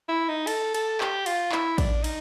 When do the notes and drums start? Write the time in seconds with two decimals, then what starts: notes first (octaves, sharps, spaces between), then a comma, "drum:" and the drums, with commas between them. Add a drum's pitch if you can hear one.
0.09 E4
0.29 D#4
0.47 A4, drum: cymbal
0.74 A4, drum: cymbal
1.01 G4, drum: clap
1.26 F4, drum: cymbal
1.52 E4, drum: clap
1.78 D4, drum: kick, cymbal
2.04 D#4, drum: cymbal